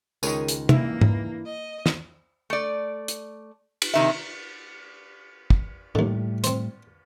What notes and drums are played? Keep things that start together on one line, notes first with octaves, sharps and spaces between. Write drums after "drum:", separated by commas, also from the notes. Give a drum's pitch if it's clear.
C#2 D#3 G#4 A#4 C#5, drum: tambourine
drum: hi-hat
G2 E3 A#3 E4, drum: tom
drum: tom G#2
D#5
drum: snare
A3 D5
drum: hi-hat
drum: cymbal
C3 D#3 E5
drum: kick
D#2 A2 D3 G3
C4 C5, drum: hi-hat